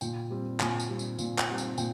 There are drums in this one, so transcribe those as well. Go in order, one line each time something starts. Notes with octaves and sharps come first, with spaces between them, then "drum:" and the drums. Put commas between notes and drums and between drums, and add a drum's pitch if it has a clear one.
A#2 G5, drum: tambourine
G3 C4
A#2 G#5, drum: clap
drum: tambourine
G3 C4
drum: tambourine
A#2, drum: tambourine
drum: clap
G3 C4
drum: tambourine
A#2 G5, drum: tambourine